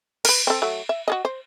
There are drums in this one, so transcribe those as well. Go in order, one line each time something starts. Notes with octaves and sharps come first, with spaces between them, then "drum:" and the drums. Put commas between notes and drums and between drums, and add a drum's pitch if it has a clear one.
A#4 B4, drum: cymbal
C4 A4
F#3 A3
E5
F#4 A4 D#5
C5